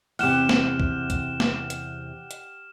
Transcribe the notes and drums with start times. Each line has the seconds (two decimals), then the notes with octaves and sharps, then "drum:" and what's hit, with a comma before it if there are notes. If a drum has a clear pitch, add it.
0.19 E2 C3 G4 F#5 F6 E7, drum: open hi-hat
0.49 drum: snare
0.80 drum: kick C2
1.10 drum: kick C2, hi-hat
1.40 drum: snare
1.70 drum: hi-hat
2.31 drum: hi-hat